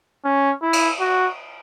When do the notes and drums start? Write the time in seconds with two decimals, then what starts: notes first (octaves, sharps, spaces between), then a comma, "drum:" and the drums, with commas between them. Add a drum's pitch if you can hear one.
0.25 C#4
0.62 E4
0.73 drum: cymbal
1.00 F#4